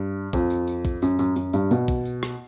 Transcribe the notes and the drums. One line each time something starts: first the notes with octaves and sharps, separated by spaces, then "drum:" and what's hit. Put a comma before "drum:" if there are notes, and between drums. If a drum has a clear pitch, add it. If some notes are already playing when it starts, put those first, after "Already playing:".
Already playing: G2
F2, drum: kick, tambourine
drum: tambourine
drum: tambourine
drum: kick, tambourine
F#2, drum: tambourine
F#2, drum: tambourine
F#2, drum: tambourine
G2, drum: tambourine
B2, drum: tambourine
drum: kick, tambourine
drum: tambourine
drum: rim click